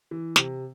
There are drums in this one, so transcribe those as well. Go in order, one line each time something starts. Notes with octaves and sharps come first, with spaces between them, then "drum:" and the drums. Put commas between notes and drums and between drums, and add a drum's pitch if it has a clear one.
E3
C3, drum: snare